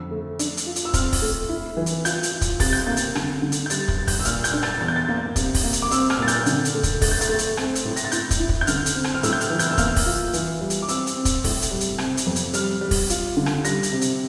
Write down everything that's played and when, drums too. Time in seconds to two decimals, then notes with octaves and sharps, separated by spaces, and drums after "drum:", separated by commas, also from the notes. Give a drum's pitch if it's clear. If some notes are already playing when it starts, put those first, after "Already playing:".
Already playing: F2 D3 E6
0.11 A3
0.39 D4, drum: hi-hat
0.57 drum: hi-hat
0.66 F4
0.76 drum: hi-hat
0.85 E6
0.94 C4 F6, drum: kick, hi-hat
1.13 drum: kick, open hi-hat
1.22 A3
1.49 E4
1.77 E3
1.86 drum: hi-hat
2.05 F4 G6, drum: hi-hat
2.23 drum: hi-hat
2.32 F4
2.41 drum: kick, hi-hat
2.60 C3 A6, drum: kick, open hi-hat
2.73 G6
2.86 A#3 A6
2.97 drum: hi-hat
3.15 D3, drum: rim click
3.42 D3
3.52 drum: hi-hat
3.66 G6
3.70 G3 A6, drum: hi-hat
3.88 A6, drum: kick
3.98 G3
4.08 G6, drum: kick, open hi-hat
4.19 E6
4.25 A#2 F6, drum: hi-hat
4.44 G6, drum: hi-hat
4.53 D4
4.63 A6, drum: rim click
4.80 E2 A6
4.88 G6
4.96 A6
5.09 A#3
5.36 C3, drum: kick, hi-hat
5.54 drum: kick, open hi-hat
5.63 A#3
5.73 drum: hi-hat
5.82 D6
5.91 C4 E6, drum: hi-hat
6.10 F6, drum: rim click
6.18 A#2 A6
6.28 G6, drum: hi-hat
6.46 D3, drum: hi-hat
6.65 drum: hi-hat
6.74 A3
6.83 drum: kick, hi-hat
7.02 A3 A6, drum: kick, open hi-hat
7.11 G6
7.21 A6, drum: hi-hat
7.29 A3
7.39 drum: hi-hat
7.57 C4, drum: rim click
7.75 drum: hi-hat
7.85 A2
7.96 A#6, drum: hi-hat
8.04 A6
8.12 E4 G6, drum: hi-hat
8.31 drum: kick, hi-hat
8.40 E4
8.49 drum: kick
8.61 G6
8.67 D3 F6, drum: hi-hat
8.86 drum: hi-hat
8.95 C4
9.04 drum: rim click
9.14 F6
9.23 A2 E6, drum: hi-hat
9.33 G6
9.41 F6, drum: hi-hat
9.50 E3
9.59 G6, drum: hi-hat
9.71 E6
9.78 A#3 F6, drum: kick, hi-hat
9.96 drum: kick, open hi-hat
10.06 F4
10.33 E3, drum: hi-hat
10.61 G3
10.70 drum: hi-hat
10.82 D6
10.88 C4 E6, drum: hi-hat
11.07 drum: hi-hat
11.16 C4
11.25 drum: kick, hi-hat
11.44 A2, drum: kick, open hi-hat
11.62 drum: hi-hat
11.71 G3
11.80 drum: hi-hat
11.98 C3, drum: rim click
12.17 drum: hi-hat
12.26 F2
12.36 drum: hi-hat
12.54 G3 F6, drum: hi-hat
12.81 G3
12.91 drum: kick, open hi-hat
13.10 F4, drum: hi-hat
13.37 D3
13.46 drum: rim click
13.64 G3 A#6, drum: hi-hat
13.83 drum: hi-hat
13.92 C3
14.01 drum: hi-hat